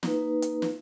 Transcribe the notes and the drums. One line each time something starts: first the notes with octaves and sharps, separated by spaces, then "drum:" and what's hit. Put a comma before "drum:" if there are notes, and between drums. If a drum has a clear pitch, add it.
A#3 D#4 B4, drum: snare
drum: hi-hat
drum: snare